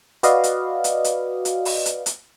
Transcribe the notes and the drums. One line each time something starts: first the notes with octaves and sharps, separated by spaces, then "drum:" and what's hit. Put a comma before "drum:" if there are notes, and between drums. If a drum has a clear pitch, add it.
F#4 B4 D5 D#5 F5, drum: hi-hat
drum: hi-hat
drum: hi-hat
drum: hi-hat
drum: hi-hat
drum: open hi-hat
drum: hi-hat
drum: hi-hat